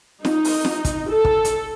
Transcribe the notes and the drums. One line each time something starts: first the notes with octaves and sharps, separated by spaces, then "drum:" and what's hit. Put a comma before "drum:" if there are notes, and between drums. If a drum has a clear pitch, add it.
D#4, drum: snare
drum: open hi-hat
drum: snare
drum: kick, hi-hat
A4
drum: kick
drum: hi-hat